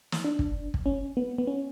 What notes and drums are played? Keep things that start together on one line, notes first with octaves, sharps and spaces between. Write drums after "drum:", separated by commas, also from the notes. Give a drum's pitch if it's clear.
drum: snare
D4
drum: kick
drum: kick
C#4
B3
B3
C#4